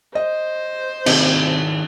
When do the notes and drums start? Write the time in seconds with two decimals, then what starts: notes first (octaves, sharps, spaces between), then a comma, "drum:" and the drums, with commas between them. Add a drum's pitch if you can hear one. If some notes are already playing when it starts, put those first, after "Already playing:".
0.15 C5 D#5
1.06 C3 D#3 C#4 E4, drum: cymbal